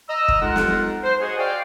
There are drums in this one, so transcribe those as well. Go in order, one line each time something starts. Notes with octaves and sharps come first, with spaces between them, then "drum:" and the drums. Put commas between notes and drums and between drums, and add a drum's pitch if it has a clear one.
D#5 A#5 E6
drum: kick
G#3 D#4 F4 A4 A#4 F#5
drum: snare
C5
F#4 G#4 C#5 D#5 F#5 G#5
F#4 C5 D5 F5 G5